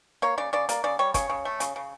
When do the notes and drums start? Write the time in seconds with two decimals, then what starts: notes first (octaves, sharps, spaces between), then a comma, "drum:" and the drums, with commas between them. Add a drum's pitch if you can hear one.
0.22 A#3 C#5
0.38 C#3 D5
0.53 C#3 D5
0.69 A#3 D5, drum: hi-hat
0.84 C#3 D5
0.99 G3 C#5
1.14 C#3 C#5, drum: kick, hi-hat
1.30 C#3
1.45 A3
1.60 C#3, drum: hi-hat
1.76 C#3